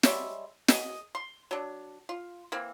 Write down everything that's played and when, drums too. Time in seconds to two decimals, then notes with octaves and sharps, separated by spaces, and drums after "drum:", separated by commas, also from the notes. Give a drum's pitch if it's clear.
0.03 G3 G#3 C#5 E5, drum: snare
0.68 G#4 D#5, drum: snare
1.15 C6
1.51 F#3 D4
2.09 F4
2.52 E3 A#3 C4